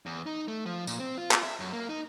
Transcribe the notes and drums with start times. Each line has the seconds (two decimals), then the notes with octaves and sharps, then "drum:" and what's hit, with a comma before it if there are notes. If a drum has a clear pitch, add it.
0.06 E2
0.26 D#4
0.48 A3
0.66 F3
0.87 A#2, drum: tambourine
1.00 C4
1.18 F4
1.31 drum: clap
1.43 E5
1.60 F#2
1.73 A#3
1.89 D#4